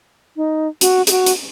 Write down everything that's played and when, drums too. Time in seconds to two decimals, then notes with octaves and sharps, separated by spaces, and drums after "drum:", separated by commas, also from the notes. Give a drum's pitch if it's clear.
0.36 D#4
0.81 F#4, drum: hi-hat
1.07 G#4, drum: hi-hat
1.11 F#4
1.26 drum: hi-hat